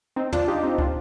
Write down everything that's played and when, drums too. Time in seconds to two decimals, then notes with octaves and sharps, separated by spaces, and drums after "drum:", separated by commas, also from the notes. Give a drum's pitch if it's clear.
0.16 C4 D#4
0.32 D4 F4, drum: tom
0.48 D#4 G4
0.63 C4 D#4
0.78 D4 F4, drum: kick